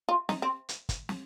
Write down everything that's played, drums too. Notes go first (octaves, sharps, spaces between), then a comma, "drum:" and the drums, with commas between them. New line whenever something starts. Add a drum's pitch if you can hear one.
F4
D#4, drum: snare
C4
drum: hi-hat
drum: kick, hi-hat
drum: snare